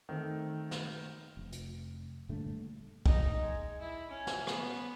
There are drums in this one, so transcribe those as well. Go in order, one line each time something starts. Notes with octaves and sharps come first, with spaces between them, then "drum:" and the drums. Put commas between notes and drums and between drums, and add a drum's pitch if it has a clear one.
D#3 A3 C4
drum: snare
F1
drum: hi-hat
G2 A#2 D3 A3
D#4, drum: kick
G#3
E4
C#4
drum: snare
B3, drum: rim click